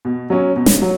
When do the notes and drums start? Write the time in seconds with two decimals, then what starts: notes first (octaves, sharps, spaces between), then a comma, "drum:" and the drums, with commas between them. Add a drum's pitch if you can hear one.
0.05 B2
0.30 F#3 C#4
0.56 B2
0.66 drum: snare
0.82 F#3